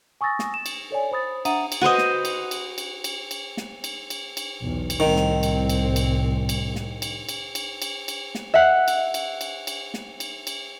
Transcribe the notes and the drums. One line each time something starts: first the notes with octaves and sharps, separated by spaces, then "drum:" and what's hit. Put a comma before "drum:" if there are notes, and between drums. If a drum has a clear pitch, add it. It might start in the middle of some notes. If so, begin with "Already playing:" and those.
G#5 C#6 D#6 E6 A6 A#6
drum: snare
E7
drum: cymbal
A4 C#5 D5 G#5
C5 B5 D#6 A6
D4 E5 F#5 A#5 D#6 D#7, drum: cymbal
drum: cymbal
F#4 B4 C5 D#5
drum: snare
drum: cymbal
drum: cymbal
drum: cymbal
drum: cymbal
drum: cymbal
drum: snare
drum: cymbal
drum: cymbal
drum: cymbal
B1 E2
drum: cymbal
C2 A2 D#3 C4
drum: snare
drum: cymbal
drum: cymbal
drum: cymbal
drum: cymbal
drum: snare
drum: cymbal
drum: cymbal
drum: cymbal
drum: cymbal
drum: cymbal
drum: snare
E5 F#5
drum: cymbal
drum: cymbal
drum: cymbal
drum: cymbal
drum: snare
drum: cymbal
drum: cymbal